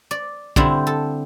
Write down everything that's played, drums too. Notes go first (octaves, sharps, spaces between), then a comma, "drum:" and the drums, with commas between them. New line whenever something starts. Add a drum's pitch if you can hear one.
D5
D3 G3 C4 E4 C5, drum: kick
A4